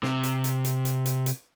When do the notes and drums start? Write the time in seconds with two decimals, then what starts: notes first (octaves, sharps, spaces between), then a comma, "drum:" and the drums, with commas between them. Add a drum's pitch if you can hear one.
0.03 C3, drum: snare
0.23 drum: hi-hat
0.44 drum: hi-hat
0.64 drum: hi-hat
0.85 drum: hi-hat
1.06 drum: hi-hat
1.26 drum: hi-hat